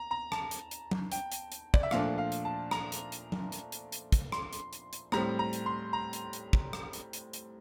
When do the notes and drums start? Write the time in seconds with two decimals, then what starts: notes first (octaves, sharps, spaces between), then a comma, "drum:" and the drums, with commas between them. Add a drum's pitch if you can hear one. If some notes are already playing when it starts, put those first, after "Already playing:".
Already playing: A#5
0.11 A#5
0.32 A5, drum: rim click
0.51 drum: hi-hat
0.71 drum: hi-hat
0.91 drum: tom F#3
1.12 G5, drum: hi-hat
1.32 drum: hi-hat
1.52 drum: hi-hat
1.74 D5, drum: kick
1.83 E5
1.91 A#2 F3 A3 D4 F5, drum: rim click
2.18 F5
2.32 drum: hi-hat
2.45 A5
2.71 A#5, drum: rim click
2.92 drum: hi-hat
3.12 drum: hi-hat
3.32 drum: tom F#3
3.52 drum: hi-hat
3.72 drum: hi-hat
3.92 drum: hi-hat
4.12 drum: kick, hi-hat
4.32 C6, drum: rim click
4.53 drum: hi-hat
4.73 drum: hi-hat
4.93 drum: hi-hat
5.12 A2 G3 C4 A#5, drum: rim click
5.39 A#5
5.53 drum: hi-hat
5.66 C6
5.93 A#5
6.13 drum: hi-hat
6.33 drum: hi-hat
6.53 drum: kick
6.73 drum: rim click
6.93 drum: hi-hat
7.13 drum: hi-hat
7.33 drum: hi-hat